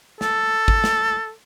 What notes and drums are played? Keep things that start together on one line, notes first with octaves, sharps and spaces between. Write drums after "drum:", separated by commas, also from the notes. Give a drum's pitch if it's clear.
A4, drum: snare
drum: kick
drum: snare